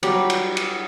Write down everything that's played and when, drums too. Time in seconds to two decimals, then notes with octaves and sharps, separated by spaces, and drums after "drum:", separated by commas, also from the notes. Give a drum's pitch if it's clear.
0.03 F#3 G3 G4, drum: cymbal
0.30 drum: cymbal
0.57 drum: cymbal